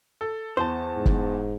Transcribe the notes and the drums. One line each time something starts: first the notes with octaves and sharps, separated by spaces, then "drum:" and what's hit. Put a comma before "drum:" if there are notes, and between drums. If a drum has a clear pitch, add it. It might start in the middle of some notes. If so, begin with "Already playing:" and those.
A4
E2 C5 A5
G#2
drum: kick